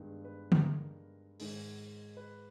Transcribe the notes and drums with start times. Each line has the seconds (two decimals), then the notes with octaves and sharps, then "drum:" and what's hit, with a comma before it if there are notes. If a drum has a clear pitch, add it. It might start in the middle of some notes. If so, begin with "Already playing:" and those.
Already playing: G2 D#3 G#3 B3
0.25 B4
0.52 drum: tom
0.63 A#4
1.40 G#2 D#3 G#3, drum: open hi-hat
2.17 B4